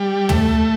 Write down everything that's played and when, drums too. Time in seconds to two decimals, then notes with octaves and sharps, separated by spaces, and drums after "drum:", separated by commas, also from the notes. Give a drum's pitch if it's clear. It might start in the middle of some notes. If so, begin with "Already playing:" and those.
Already playing: G3
0.29 A3, drum: tom